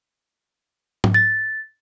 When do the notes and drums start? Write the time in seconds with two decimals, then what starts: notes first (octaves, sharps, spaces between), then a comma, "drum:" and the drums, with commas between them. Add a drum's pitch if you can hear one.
1.04 drum: tom G#2
1.14 A6